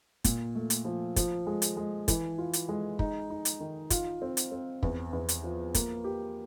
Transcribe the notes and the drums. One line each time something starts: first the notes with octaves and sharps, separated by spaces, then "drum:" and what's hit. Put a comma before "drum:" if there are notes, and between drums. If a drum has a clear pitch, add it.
A#2, drum: kick, hi-hat
A3
drum: hi-hat
F3
F3, drum: kick, hi-hat
G#3
drum: hi-hat
G#3
E3, drum: kick, hi-hat
F4
drum: hi-hat
G#3
D#4, drum: kick
D#4
drum: hi-hat
D#3
F4, drum: kick, hi-hat
C4
drum: hi-hat
C4
E2, drum: kick
E2
drum: hi-hat
F3
A#3, drum: kick, hi-hat
G4